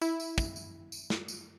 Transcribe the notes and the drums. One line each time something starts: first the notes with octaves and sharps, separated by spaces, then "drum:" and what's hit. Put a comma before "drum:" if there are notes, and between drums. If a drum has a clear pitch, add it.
E4, drum: tambourine
drum: tambourine
drum: kick, tambourine
drum: tambourine
drum: tambourine
drum: snare
drum: tambourine